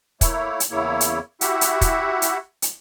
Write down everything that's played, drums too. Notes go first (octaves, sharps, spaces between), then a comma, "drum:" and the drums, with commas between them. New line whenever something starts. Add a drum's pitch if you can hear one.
A3 A#3 E4 C#5, drum: kick, hi-hat
drum: hi-hat
E2 C#3 A#3 E4 C#5
drum: hi-hat
E4 F#4 G4 E5 F#5, drum: hi-hat
drum: hi-hat
drum: kick, hi-hat
drum: hi-hat
drum: hi-hat